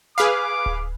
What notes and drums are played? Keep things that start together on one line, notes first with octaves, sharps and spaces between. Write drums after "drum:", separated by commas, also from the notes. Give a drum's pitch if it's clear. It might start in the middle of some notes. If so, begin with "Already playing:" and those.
G#4 B4 F5 D6
drum: kick D1